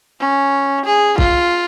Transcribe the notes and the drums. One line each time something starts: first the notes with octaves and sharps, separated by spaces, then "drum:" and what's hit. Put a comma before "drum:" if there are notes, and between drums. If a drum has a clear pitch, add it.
C#4
G#4
F4, drum: kick